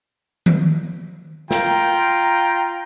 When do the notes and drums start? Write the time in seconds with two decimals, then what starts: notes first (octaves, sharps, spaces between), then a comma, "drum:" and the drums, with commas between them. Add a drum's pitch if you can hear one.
0.46 drum: tom D#3
1.51 F4 G5 A#5, drum: snare